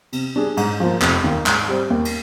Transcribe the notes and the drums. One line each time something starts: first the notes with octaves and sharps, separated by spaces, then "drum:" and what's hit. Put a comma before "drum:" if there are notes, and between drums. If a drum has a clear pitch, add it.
C3, drum: cymbal
G3 D4 G#4
G#2, drum: cymbal
F3 A#3
F1, drum: clap
D#2 D#3 A#3
G#2, drum: clap
G3 C4
D#2
drum: cymbal